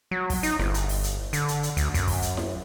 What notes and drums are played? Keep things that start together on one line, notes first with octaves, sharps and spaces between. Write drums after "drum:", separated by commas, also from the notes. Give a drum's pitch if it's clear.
F#3
drum: kick, open hi-hat
D#4, drum: hi-hat
G1, drum: snare E4
drum: hi-hat
drum: open hi-hat
drum: hi-hat
D3, drum: hi-hat
drum: hi-hat
drum: hi-hat
D2, drum: hi-hat
F#2, drum: kick, hi-hat
drum: kick, open hi-hat
drum: hi-hat
drum: snare E4